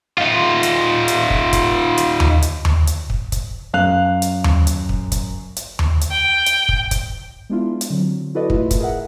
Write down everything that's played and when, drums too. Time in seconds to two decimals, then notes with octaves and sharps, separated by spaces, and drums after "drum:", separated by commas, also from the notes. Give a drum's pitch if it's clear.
0.18 D#4 F4
0.63 drum: hi-hat
1.08 drum: hi-hat
1.30 drum: kick
1.53 drum: kick, hi-hat
1.98 drum: hi-hat
2.20 drum: tom D#2
2.42 drum: hi-hat
2.65 drum: tom D#2
2.87 drum: hi-hat
3.10 drum: kick
3.32 drum: kick, hi-hat
3.74 F#2 F5 F#6 F7
4.22 drum: hi-hat
4.44 drum: tom D#2
4.67 drum: hi-hat
4.89 drum: kick
5.12 drum: kick, hi-hat
5.56 drum: hi-hat
5.79 drum: tom D#2
6.01 drum: hi-hat
6.11 G5
6.46 drum: hi-hat
6.69 drum: kick
6.91 drum: kick, hi-hat
7.50 G#3 B3 D4 E4 F4
7.81 drum: hi-hat
7.90 D3 F#3 C4
8.35 E4 F#4 A4 B4 D5 D#5
8.50 A3 E4 F4 B4, drum: kick
8.71 drum: kick, hi-hat
8.80 G#4 A#4 D#5 E5 F#5